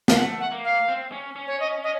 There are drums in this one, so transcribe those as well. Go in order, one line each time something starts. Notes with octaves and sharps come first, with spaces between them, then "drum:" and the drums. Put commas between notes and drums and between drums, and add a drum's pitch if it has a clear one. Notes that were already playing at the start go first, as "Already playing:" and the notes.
F5, drum: snare
A3 F#5
F#5
A#3
F5
C4
C#4
C#4
C#5
D#5
D#5